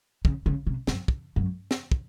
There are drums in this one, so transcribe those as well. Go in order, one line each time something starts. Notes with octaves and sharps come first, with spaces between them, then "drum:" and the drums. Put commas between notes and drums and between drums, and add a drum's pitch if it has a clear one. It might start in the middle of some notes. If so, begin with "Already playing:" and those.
C#3, drum: kick
C#3
C3
F#2, drum: snare
drum: kick
F#2
drum: snare
drum: kick